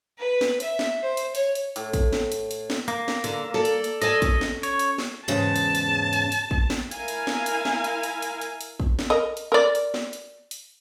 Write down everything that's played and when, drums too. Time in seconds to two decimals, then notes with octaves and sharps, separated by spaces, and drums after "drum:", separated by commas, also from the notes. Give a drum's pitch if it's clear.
0.19 B4
0.41 drum: snare
0.60 E5, drum: hi-hat
0.79 drum: snare
1.02 C5
1.17 drum: hi-hat
1.35 C#5, drum: hi-hat
1.55 drum: hi-hat
1.76 A2, drum: hi-hat
1.94 drum: kick, hi-hat
2.13 drum: snare
2.32 drum: hi-hat
2.51 drum: hi-hat
2.70 drum: snare
2.88 A#3, drum: hi-hat
3.08 drum: snare
3.24 D3, drum: hi-hat
3.54 A4 D5
3.65 drum: hi-hat
3.84 drum: hi-hat
4.02 A4 D5 D#5 G#5, drum: hi-hat
4.22 C#4, drum: kick, hi-hat
4.41 drum: snare
4.63 C#5, drum: hi-hat
4.79 drum: hi-hat
4.98 drum: snare
5.28 E2 G#2 C#3 A5
5.56 drum: hi-hat
5.75 drum: hi-hat
6.13 drum: hi-hat
6.32 drum: hi-hat
6.51 drum: kick
6.70 drum: snare
6.91 E4 A#4 F5 G#5, drum: hi-hat
7.08 drum: hi-hat
7.27 drum: snare
7.46 drum: hi-hat
7.65 drum: snare
7.84 drum: hi-hat
8.03 drum: hi-hat
8.22 drum: hi-hat
8.41 drum: hi-hat
8.61 drum: hi-hat
8.80 drum: kick
8.99 drum: snare
9.10 A#4 D#5
9.37 drum: hi-hat
9.52 A#4 D5
9.75 drum: hi-hat
9.94 drum: snare
10.13 drum: hi-hat
10.51 drum: hi-hat